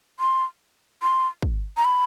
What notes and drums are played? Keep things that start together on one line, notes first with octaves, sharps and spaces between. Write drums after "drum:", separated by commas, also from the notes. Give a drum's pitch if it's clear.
C6
C6
drum: kick
A#5
B5